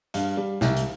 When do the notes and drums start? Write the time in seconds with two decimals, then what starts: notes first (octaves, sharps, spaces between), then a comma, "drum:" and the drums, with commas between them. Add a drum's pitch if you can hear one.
0.14 G2 F5, drum: hi-hat
0.37 G3
0.61 C2, drum: snare
0.77 drum: hi-hat